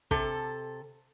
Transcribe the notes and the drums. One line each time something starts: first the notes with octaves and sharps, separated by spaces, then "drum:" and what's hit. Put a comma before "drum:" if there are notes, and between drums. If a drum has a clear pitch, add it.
C3 A4, drum: kick